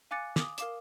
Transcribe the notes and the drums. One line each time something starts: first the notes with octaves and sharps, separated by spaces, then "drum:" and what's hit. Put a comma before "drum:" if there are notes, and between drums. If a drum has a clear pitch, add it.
F5 G#5 D6 F#6 A6 C#7
D6 D#6, drum: snare
A#4 F5 D6 E7, drum: hi-hat